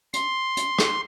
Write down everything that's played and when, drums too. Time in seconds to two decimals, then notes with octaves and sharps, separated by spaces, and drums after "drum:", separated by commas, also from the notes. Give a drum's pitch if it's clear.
0.14 C6, drum: hi-hat
0.57 drum: hi-hat
0.79 drum: rim click